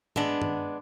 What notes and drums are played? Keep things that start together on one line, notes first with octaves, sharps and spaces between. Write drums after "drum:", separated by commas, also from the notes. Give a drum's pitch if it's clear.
G#3 B3 D4, drum: tom
drum: tom